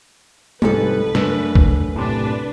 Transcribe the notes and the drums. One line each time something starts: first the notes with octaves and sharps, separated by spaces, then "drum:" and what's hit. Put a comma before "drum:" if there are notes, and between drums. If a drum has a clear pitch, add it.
C2 F2 G#2 C3 F3 A4 B4, drum: tom
F#2 A3 D4, drum: snare
drum: kick
A2 C3 D4 B4